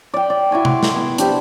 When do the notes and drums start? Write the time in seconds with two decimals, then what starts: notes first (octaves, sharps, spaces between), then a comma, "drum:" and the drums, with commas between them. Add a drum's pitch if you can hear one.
0.14 D5 G5
0.30 D5
0.51 E4 F#4 G#5 C#6
0.65 F#5 C6 D6, drum: tom C3
0.83 drum: snare
0.96 B3 D6
1.18 D4 G4 C5 B5, drum: hi-hat